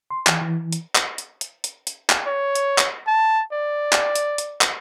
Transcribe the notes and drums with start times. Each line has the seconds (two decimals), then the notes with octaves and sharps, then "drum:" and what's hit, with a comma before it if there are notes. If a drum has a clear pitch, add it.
0.11 C6
0.27 E3, drum: clap
0.41 E3
0.73 drum: hi-hat
0.95 drum: clap
1.18 drum: hi-hat
1.41 drum: hi-hat
1.64 drum: hi-hat
1.87 drum: hi-hat
2.10 drum: clap
2.27 C#5
2.55 drum: hi-hat
2.78 drum: clap
3.07 A5
3.53 D5
3.93 drum: clap
4.15 drum: hi-hat
4.38 drum: hi-hat
4.61 drum: clap